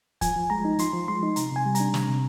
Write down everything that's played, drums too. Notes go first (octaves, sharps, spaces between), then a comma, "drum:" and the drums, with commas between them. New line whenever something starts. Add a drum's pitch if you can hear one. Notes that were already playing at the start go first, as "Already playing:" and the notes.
F3 G#5, drum: kick, hi-hat
F3
G#3 A#5
D#4
F3 C6, drum: hi-hat
F3
G#3 C6
D#4
C3 A#5, drum: hi-hat
C3 G#5
G3
A#5, drum: hi-hat
D4
C3, drum: snare
C3